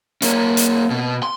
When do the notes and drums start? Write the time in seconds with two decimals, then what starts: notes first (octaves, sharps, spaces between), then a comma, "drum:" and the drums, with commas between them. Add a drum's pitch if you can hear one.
0.22 A#3 C#4, drum: hi-hat
0.57 drum: hi-hat
0.90 B2
1.23 C6